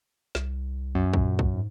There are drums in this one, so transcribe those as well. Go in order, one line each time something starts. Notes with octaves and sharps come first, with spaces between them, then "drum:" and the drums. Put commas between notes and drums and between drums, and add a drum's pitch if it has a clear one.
C2, drum: snare
F#2
A#2, drum: kick
drum: kick
G#2